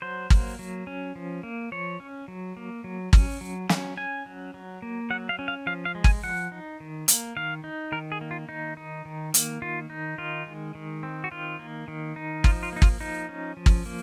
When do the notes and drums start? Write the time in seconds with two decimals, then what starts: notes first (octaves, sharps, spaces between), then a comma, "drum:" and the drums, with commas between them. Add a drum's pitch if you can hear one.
0.02 F#3 C5
0.30 A#3, drum: kick G#1
0.59 F#3
0.87 C#4
1.16 F3
1.43 A#3
1.72 F3 C#5
2.00 C#4
2.28 F#3
2.57 A#3
2.84 F#3
3.13 C#4, drum: kick G#1
3.41 F#3
3.69 C#4, drum: snare
3.97 C#4 G#5
4.26 F#3
4.54 F#3
4.82 A#3
5.10 F#3 F#5
5.29 F5
5.39 C#4
5.48 F5
5.67 F3 F5
5.85 F5
5.95 G#3
6.04 G#5, drum: kick G#1
6.23 F3 F#5
6.52 D#4
6.80 D#3
7.08 A#3, drum: hi-hat
7.36 D#3 F5
7.64 D#4
7.92 D#3 A#4
8.12 G#4
8.21 A#3
8.31 F4
8.49 D#3 D#4
8.77 D#4
9.05 D#3
9.34 A#3, drum: hi-hat
9.62 D#3 F4
9.90 D#4
10.18 D#3 F4
10.47 G#3
10.75 D#3
11.03 C4
11.24 F#4
11.31 D#3 F4
11.59 A#3
11.88 D#3
12.16 D#4
12.44 F3 F4, drum: kick G#1
12.63 F4
12.73 A#3 D#4
12.82 F4, drum: kick G#1
13.00 F3 D#4
13.29 C#4
13.57 F3
13.66 drum: kick G#1
13.86 A#3